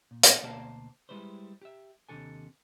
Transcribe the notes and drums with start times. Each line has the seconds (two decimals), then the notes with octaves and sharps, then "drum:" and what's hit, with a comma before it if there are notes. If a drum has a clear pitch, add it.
0.11 A#2
0.23 drum: hi-hat
0.42 D2 B2 A#3 C5 D5 A5
1.09 G3 G#3 E4 B4 C5
1.62 G4 E5
2.09 D#2 C3 D#3 D4 A4 G#5